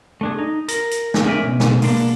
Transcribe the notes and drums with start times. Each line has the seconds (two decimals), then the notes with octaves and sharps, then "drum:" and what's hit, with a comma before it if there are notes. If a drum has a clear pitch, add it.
0.21 A3 D4 G#4
0.38 D#4
0.68 A#4, drum: hi-hat
0.91 drum: hi-hat
1.14 drum: snare
1.26 C#4 A#4 D5 E5 G#5
1.43 B2
1.60 drum: snare
1.82 B2 G#3 A#3 B3 D4, drum: open hi-hat